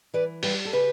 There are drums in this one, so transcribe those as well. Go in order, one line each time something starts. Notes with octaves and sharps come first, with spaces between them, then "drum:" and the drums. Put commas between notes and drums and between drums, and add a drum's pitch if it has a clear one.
E3 B4 D5
G3 G4 B4, drum: open hi-hat
A4
C#3 G4 B4